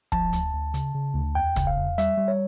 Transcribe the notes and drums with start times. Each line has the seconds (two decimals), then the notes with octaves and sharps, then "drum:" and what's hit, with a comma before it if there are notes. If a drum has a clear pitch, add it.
0.12 F3 A5, drum: kick
0.33 D2, drum: hi-hat
0.53 D2
0.74 C#3, drum: hi-hat
0.95 C#3
1.15 D2
1.35 E2 G5
1.56 C#3, drum: kick, hi-hat
1.67 F5
1.77 E2
1.98 G3 E5, drum: hi-hat
2.17 G3
2.28 C#5